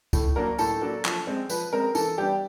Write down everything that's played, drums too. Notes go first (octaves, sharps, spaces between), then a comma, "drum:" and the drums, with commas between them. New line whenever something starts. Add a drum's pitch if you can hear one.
A2, drum: kick C#2, tambourine
F#3 A#3 D4 A#4
A2 A4, drum: tambourine
F#3 A#3 D4
F3, drum: clap
G#3 C4
F3 B4, drum: tambourine
G#3 C4 A#4
E3 A4, drum: tambourine
G3 B3 D4 G4